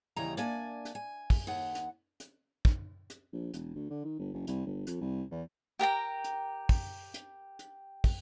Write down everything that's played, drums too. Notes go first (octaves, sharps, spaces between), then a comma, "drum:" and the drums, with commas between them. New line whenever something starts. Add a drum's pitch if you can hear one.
D#2 C#3 E3 G3 D#5 A#5
A#3 D4 D5 E5 G#5, drum: hi-hat
drum: hi-hat
G#5
drum: kick, open hi-hat
D#2 F#5
drum: hi-hat
drum: hi-hat
drum: kick
drum: hi-hat
A#1
E1, drum: hi-hat
D2
D3
D#3
G1
F#1
C2, drum: hi-hat
G1
F2, drum: hi-hat
C2
E2
G4 A#4 G5 A#5
drum: hi-hat
drum: kick, open hi-hat
drum: hi-hat
drum: hi-hat
drum: kick, open hi-hat